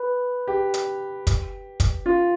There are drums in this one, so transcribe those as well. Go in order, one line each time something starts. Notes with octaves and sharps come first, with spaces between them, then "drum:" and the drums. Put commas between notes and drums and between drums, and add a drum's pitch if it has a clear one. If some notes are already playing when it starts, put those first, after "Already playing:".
Already playing: B4
G4
drum: hi-hat
drum: kick, hi-hat
drum: kick, hi-hat
F4